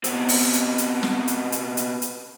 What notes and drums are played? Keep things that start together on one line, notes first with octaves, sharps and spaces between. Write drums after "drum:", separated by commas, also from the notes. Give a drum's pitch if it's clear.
B2 C4, drum: hi-hat
drum: open hi-hat
drum: hi-hat
drum: hi-hat
drum: snare
drum: hi-hat
drum: hi-hat
drum: hi-hat
drum: hi-hat